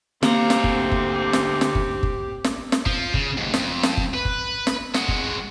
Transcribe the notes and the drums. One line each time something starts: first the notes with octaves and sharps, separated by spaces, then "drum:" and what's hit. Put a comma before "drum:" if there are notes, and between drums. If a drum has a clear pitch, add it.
D2 A#3 C4 G4 A#5, drum: snare
drum: snare
drum: kick F#1
drum: kick F#1
drum: snare
drum: snare
drum: kick F#1
drum: kick F#1
drum: snare
drum: snare
F3, drum: kick F#1
C#3, drum: kick F#1
D#2 G#2
F2, drum: snare
drum: snare
drum: kick F#1
B4
drum: kick F#1
drum: snare
G#3 F#4, drum: snare
drum: kick F#1